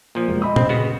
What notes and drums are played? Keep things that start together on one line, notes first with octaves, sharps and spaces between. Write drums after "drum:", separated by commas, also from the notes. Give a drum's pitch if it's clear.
A#2 F3
E1
D#5 B5 D#6
C4, drum: tom A#2
C#3 B3 F#4